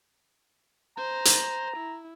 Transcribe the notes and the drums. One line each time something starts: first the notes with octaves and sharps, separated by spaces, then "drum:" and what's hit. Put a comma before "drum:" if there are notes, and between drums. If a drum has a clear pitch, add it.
C5 A#5
drum: hi-hat
E4